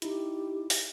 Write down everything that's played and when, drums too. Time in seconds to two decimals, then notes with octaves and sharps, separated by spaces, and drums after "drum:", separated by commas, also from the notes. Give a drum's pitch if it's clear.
0.02 D#4 E4 G4, drum: hi-hat
0.70 drum: open hi-hat